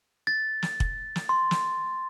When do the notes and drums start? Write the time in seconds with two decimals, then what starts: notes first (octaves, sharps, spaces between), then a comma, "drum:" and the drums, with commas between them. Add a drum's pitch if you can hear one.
0.27 A6
0.62 drum: snare
0.80 drum: kick
1.16 drum: snare
1.29 C6
1.51 drum: snare